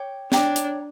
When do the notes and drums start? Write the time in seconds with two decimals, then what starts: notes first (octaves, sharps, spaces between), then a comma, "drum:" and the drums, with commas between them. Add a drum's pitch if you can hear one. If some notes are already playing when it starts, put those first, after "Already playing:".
Already playing: C#5 G5 D6
0.32 D4 C#5 G5 A#5 D6, drum: snare
0.56 drum: hi-hat